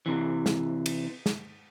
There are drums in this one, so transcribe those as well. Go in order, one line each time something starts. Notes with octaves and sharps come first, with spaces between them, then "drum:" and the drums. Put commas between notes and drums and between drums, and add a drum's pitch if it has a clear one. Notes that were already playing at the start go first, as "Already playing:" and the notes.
C3 E3
drum: snare
drum: cymbal
drum: snare